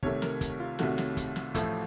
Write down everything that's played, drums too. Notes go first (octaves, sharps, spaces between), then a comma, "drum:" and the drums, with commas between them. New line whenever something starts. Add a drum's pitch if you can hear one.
C2 C3 D#3 A3 C#5, drum: kick
A#4, drum: snare
drum: kick, hi-hat
F4
C2 C3 D#3 A3 F#4, drum: snare
drum: snare
drum: kick, hi-hat
drum: snare
A1 A2 F3 A3, drum: kick, hi-hat